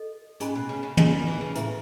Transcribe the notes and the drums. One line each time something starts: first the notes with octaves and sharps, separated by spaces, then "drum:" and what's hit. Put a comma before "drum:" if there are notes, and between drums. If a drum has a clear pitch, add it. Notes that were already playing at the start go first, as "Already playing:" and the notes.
Already playing: A4 D#5
G#2 C#4 G#4 D#5 G#5 B5, drum: hi-hat
B2
C#3
C#3
C#3 C#4 G#4 D#5 G#5 B5, drum: tom
D#3
E3
C#3
A2 E4 B4 E5, drum: hi-hat